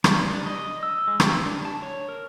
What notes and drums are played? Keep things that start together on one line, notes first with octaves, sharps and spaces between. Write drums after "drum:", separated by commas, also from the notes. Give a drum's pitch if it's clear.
G3, drum: rim click
D4
D#5
E6
G#3
G4, drum: rim click
D4
A5
C#5
A#4